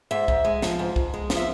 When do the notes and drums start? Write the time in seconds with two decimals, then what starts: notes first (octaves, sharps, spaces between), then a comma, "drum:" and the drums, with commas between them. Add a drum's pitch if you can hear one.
0.11 G#2 E5
0.28 G#2, drum: kick
0.45 G#3
0.62 F3, drum: snare
0.79 G#2
0.96 G#2, drum: kick
1.14 G#3
1.30 F3, drum: snare
1.37 E5